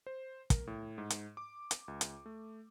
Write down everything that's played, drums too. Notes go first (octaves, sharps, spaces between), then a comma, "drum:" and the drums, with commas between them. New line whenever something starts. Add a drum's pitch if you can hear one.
C5
A#4, drum: kick, hi-hat
A2
G#2
drum: hi-hat
D6
drum: hi-hat
C#2
drum: hi-hat
A3